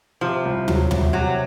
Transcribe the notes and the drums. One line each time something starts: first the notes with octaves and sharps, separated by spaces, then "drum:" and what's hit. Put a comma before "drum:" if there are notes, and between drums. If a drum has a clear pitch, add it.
C3 F3
C2
F#3, drum: tom
C2, drum: tom
C3 F#3